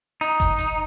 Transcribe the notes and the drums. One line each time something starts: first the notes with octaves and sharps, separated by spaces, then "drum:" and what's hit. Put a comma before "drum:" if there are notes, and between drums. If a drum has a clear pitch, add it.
D#4, drum: hi-hat
drum: kick F#1, hi-hat
drum: hi-hat